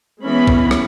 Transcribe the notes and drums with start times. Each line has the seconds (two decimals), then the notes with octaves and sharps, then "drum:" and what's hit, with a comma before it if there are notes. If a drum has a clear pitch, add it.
0.24 E3 G#3 B3 C#4 B5
0.47 drum: kick
0.71 drum: rim click